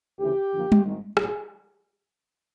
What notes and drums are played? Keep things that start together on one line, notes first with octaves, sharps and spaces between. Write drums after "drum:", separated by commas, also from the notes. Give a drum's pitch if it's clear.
D2 C#3 E3 G4
F#2 D3 F3 A#3
drum: tom G3
G#1 G#2 D#3
B1 A2 F#3 G#4, drum: rim click